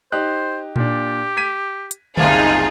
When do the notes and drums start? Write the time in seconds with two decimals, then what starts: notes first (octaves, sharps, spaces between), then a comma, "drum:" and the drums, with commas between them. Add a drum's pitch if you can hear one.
0.12 D#4 G4 C5 F#6
0.76 A#2 D4 G4, drum: tom A#2
1.37 G#6 B6 D#7
1.91 drum: hi-hat
2.17 F#1 C2 C4 D#4 F4 G#4 A5, drum: tom D3